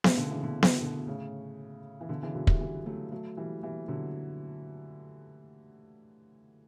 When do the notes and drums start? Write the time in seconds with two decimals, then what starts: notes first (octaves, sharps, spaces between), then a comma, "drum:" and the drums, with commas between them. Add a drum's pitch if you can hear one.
0.04 A2 C#3, drum: snare B3
0.17 B2 D3
0.30 C#3 E3
0.43 B2 D3
0.63 drum: snare B3
0.81 B2 D3
1.07 A2 C#3
2.01 E3
2.09 B2 D3
2.22 C#3 E3
2.35 D3 F#3
2.47 E3 G3, drum: kick
2.60 E3 G3
2.86 F#3 A3
3.11 F#3 A3
3.37 E3 G3
3.63 E3 G3
3.88 D3 F#3